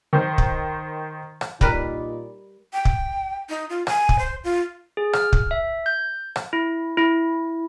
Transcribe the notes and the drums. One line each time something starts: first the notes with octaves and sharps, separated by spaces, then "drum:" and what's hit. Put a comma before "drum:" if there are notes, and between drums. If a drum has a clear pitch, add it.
D#3 C5
drum: kick
drum: rim click
A#2 G3 D#4 A#4 B4 D5, drum: kick
G5
drum: kick
D#4
F4
G#5, drum: rim click
drum: kick
C5
F4
G#4
F6, drum: rim click
drum: kick
E5
G6
drum: rim click
E4
E4